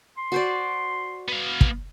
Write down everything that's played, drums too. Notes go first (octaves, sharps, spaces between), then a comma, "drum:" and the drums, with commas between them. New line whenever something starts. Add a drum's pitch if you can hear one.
C6
F#4 C5 D5
B3 F5
drum: kick